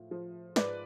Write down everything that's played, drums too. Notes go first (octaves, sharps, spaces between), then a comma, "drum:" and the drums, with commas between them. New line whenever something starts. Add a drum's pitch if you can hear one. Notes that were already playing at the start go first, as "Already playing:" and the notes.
Already playing: A2 F3
F3
G#2 B4 D5, drum: snare